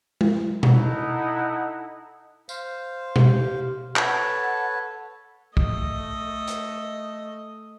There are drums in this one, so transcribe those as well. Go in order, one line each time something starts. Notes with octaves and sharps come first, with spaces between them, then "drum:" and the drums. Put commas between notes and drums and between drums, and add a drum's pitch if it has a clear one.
drum: tom G#3
D#4 E4 A4 D#5 F#5, drum: tom B2
C5 F5, drum: tambourine
G4, drum: tom B2
A4 B4 C#5 F#5 A5, drum: clap
A3 D#5, drum: kick
drum: hi-hat